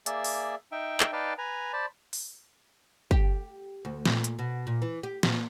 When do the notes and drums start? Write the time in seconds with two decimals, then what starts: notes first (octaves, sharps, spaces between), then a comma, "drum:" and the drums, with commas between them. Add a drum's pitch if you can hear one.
0.06 A#3 G#4 D5 E5, drum: hi-hat
0.24 drum: open hi-hat
0.72 D#4 E5 G5
1.00 drum: clap
1.13 D#4 B4 D5 F5 G5 A5
1.38 B4 G#5 A#5
1.73 C5 D5 A5 B5
2.13 drum: open hi-hat
3.11 G4, drum: kick
3.85 D2
4.06 A#2, drum: snare
4.24 drum: hi-hat
4.39 B2
4.67 A#2
4.82 E3
5.03 G4
5.23 A#2, drum: snare